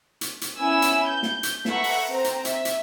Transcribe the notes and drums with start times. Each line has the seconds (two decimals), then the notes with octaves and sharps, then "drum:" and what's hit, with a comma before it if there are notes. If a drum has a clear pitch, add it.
0.21 drum: hi-hat
0.41 drum: hi-hat
0.58 B3 C#4 E4 G#5 E6
0.82 drum: hi-hat
1.07 G6
1.23 drum: snare
1.43 drum: hi-hat
1.65 A4 B4 E5 F#5 A#5 C#6, drum: snare
1.84 drum: open hi-hat
2.09 C4 A#5
2.24 drum: hi-hat
2.45 E5, drum: hi-hat
2.65 drum: hi-hat